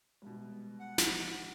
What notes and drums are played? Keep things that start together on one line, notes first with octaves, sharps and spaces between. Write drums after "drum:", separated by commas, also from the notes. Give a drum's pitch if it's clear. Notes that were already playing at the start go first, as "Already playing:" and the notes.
C2 B2 G#3
F#5
drum: snare